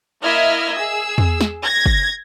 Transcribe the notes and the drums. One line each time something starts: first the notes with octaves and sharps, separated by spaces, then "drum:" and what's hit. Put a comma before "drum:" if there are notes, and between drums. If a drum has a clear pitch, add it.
A#3 E4 D#5 E5 F6 G#6
G#4 E6
drum: tom E2
drum: snare
G#6 A#6
drum: kick